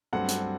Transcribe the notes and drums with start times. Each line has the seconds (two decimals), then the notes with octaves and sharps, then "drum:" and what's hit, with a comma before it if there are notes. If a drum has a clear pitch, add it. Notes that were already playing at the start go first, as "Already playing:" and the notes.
0.13 G2 F#3 A3 C4 F#5
0.28 drum: hi-hat